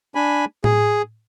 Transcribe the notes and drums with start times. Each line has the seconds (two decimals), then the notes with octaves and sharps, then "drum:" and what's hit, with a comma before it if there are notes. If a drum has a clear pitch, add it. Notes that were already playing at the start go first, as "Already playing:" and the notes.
0.15 D4 G#5 B5
0.64 G#4, drum: tom A2